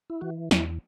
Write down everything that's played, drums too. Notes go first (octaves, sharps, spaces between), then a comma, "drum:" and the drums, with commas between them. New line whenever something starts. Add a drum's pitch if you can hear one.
E4
E3 F#4
E2 E4, drum: snare